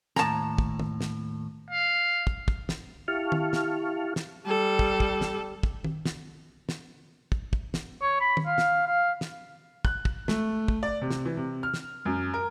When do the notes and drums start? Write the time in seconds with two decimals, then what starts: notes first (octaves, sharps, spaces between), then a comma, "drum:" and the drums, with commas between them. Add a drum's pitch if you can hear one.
0.16 D#2 A2 A5 A#5, drum: snare
0.58 drum: kick
0.79 drum: tom
1.01 drum: snare
1.71 F5
2.27 drum: kick
2.48 drum: kick
2.69 drum: snare
3.08 E4 G4 F5 A5 C#6 F6
3.32 drum: tom
3.53 drum: snare
4.16 drum: snare
4.46 G3 A4
4.79 drum: kick
5.00 drum: kick
5.21 drum: snare
5.63 drum: kick
5.84 drum: tom
6.06 drum: snare
6.69 drum: snare
7.32 drum: kick
7.53 drum: kick
7.74 drum: snare
8.02 C#5
8.20 B5
8.37 drum: tom
8.46 F5
8.58 drum: snare
8.87 F5
9.21 drum: snare
9.85 F#6, drum: kick
10.05 drum: kick
10.28 A3, drum: snare
10.68 drum: kick
10.83 D5
11.01 C3
11.10 drum: snare
11.25 E3
11.37 C3
11.63 F6
11.74 drum: snare
12.06 F#2
12.34 A#4